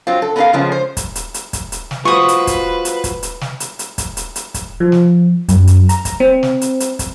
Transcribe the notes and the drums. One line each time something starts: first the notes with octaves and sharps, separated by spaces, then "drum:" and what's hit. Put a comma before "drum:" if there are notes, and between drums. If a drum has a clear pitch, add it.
F#3 C4 F4
A4
B3 C#4 D#4 A4 A#4 F5
C#3 F3 G#3 B3 C#4
C5
drum: kick, hi-hat
drum: hi-hat
drum: hi-hat
drum: kick, hi-hat
drum: hi-hat
drum: snare
F4 F#4 B4 C5 C#6 D#6
drum: hi-hat
drum: kick, hi-hat
drum: hi-hat
drum: kick, hi-hat
drum: hi-hat
drum: snare
drum: hi-hat
drum: hi-hat
drum: kick, hi-hat
drum: hi-hat
drum: hi-hat
drum: kick, hi-hat
F3
drum: snare
F#2, drum: kick, hi-hat
drum: hi-hat
A#5, drum: hi-hat
drum: kick, hi-hat
C4
drum: snare
drum: hi-hat
drum: hi-hat
drum: kick, hi-hat